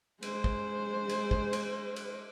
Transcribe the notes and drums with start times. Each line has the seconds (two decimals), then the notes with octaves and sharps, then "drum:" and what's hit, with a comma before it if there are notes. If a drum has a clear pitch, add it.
0.23 G#3 C5, drum: cymbal
0.44 drum: kick
1.09 drum: cymbal
1.31 drum: kick
1.53 drum: cymbal
1.96 drum: cymbal